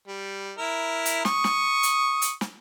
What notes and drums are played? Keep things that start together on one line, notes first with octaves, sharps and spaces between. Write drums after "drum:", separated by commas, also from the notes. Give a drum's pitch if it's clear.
G3
E4 A#4
drum: hi-hat
C#6 D#6, drum: snare
drum: snare
drum: hi-hat
drum: hi-hat
drum: snare